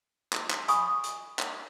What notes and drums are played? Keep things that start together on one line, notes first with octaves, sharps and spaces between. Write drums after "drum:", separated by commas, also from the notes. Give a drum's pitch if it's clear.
drum: clap
drum: clap
G#5 B5 C#6 D#6, drum: hi-hat
drum: hi-hat
drum: clap